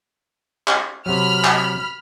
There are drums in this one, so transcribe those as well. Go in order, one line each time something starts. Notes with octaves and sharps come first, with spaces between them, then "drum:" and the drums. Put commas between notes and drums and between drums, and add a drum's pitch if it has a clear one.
drum: clap
C3 F#3 B5 F6
drum: clap